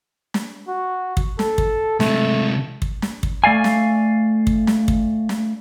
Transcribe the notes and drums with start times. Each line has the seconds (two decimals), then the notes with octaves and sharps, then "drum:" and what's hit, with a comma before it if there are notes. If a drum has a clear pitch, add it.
0.34 drum: snare
0.68 F#4
1.17 drum: kick
1.39 A4, drum: snare
1.58 drum: kick
2.00 C3 G#3 A3, drum: snare
2.82 drum: kick
3.02 drum: snare
3.23 drum: kick
3.44 A3 D5 F5 G#5
3.64 drum: snare
4.47 drum: kick
4.67 drum: snare
4.88 drum: kick
5.29 drum: snare